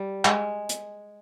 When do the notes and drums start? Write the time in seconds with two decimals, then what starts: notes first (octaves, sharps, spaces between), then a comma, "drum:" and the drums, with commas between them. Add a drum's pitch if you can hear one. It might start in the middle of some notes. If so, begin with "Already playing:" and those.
Already playing: G3
0.25 G#3, drum: clap
0.69 drum: hi-hat